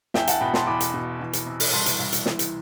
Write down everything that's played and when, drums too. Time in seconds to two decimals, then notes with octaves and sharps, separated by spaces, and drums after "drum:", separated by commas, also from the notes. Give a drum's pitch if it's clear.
0.14 E2 E5 G5, drum: snare
0.27 F#5 A5, drum: hi-hat
0.40 B2 G5 B5
0.54 A5 C6, drum: snare
0.67 E2 B5 D6
0.80 drum: hi-hat
0.94 B2
1.20 E3
1.33 drum: hi-hat
1.46 C3
1.60 drum: open hi-hat
1.73 C2 A5 C6
1.86 drum: hi-hat
1.99 C2
2.13 drum: hi-hat
2.26 E3, drum: snare
2.39 drum: hi-hat